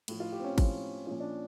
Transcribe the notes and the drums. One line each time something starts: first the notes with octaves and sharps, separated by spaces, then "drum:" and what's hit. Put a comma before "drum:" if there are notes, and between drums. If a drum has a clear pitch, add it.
A2 F3, drum: cymbal
F4
G4
C4
C#4
A2 F3, drum: kick G#1, cymbal
A#2 F3 C#4
D4